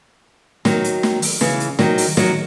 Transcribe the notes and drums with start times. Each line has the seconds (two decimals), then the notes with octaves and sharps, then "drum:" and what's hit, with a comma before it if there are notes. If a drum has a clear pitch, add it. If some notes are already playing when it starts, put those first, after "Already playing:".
0.65 D#3 F#3, drum: snare
0.84 drum: hi-hat
1.03 drum: snare
1.22 drum: open hi-hat
1.41 C#3 E3, drum: snare
1.60 drum: hi-hat
1.79 D#3 F#3, drum: snare
1.98 drum: open hi-hat
2.17 D#3 F#3, drum: snare